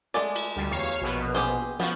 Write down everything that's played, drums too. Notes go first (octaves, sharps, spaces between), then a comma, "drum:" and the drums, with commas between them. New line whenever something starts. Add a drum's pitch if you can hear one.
G#3 A3 D5
drum: cymbal
D2 G3
E2 C#5 F5
A#1 B2 B3
G4 G#4 C5
F3 B3 F#4